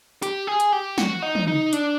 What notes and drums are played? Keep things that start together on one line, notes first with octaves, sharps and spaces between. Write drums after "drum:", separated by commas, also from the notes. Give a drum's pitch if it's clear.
G4, drum: hi-hat
G#4
drum: hi-hat
G4
F#4, drum: snare
D#4
drum: tom
D#4
D4, drum: hi-hat